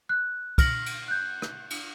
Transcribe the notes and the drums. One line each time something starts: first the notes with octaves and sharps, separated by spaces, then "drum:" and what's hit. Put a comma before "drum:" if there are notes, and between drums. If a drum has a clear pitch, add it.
F#6
F6 A#6 F#7, drum: kick, cymbal
drum: cymbal
F#6 G6
drum: rim click
drum: cymbal